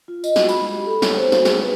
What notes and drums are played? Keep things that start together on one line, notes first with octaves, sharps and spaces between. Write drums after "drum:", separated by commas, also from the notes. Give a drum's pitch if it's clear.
F4
D#5, drum: tambourine
F#4, drum: snare
B5, drum: tambourine
G#3
G4
A4
C#5, drum: snare
C5
F#4, drum: snare
G#4, drum: snare
B4